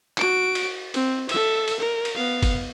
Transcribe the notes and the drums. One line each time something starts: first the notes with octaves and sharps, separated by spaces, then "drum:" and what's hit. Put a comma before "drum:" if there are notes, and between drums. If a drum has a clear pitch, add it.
F#4 D7, drum: clap
drum: cymbal
C4, drum: cymbal
A4 E5, drum: cymbal
drum: cymbal
A#4
drum: cymbal
B3 F5
drum: kick, cymbal